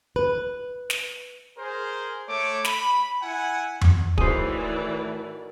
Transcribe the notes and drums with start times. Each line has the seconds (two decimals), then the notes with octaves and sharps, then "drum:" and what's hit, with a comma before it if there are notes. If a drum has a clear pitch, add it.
0.16 B4
0.90 drum: snare
1.57 G#4 A#4 C5
2.28 A3 C#5 D6
2.65 B5, drum: snare
3.22 E4 F#5 G#5
3.81 drum: tom F2
4.18 A2 E3 D#4 F#4 G#4 A#4 C5 D5, drum: kick